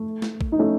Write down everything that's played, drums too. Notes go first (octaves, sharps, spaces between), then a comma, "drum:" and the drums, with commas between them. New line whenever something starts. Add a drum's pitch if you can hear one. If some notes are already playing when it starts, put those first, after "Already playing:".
Already playing: A3
drum: snare
drum: kick
D#4
A3 C#4